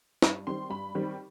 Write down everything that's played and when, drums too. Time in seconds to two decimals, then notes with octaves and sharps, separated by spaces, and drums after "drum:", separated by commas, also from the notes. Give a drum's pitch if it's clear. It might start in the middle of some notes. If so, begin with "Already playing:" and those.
0.22 G2, drum: snare
0.47 D#3 G3 C4 C6
0.70 G2 B5
0.95 D#3 G3 C4